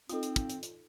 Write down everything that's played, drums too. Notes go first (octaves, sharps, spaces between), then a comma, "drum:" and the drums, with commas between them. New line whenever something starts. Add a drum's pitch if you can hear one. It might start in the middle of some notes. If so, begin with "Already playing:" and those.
C4 D#4 F4 A4 D#6, drum: hi-hat
drum: hi-hat
drum: kick, hi-hat
drum: hi-hat
drum: hi-hat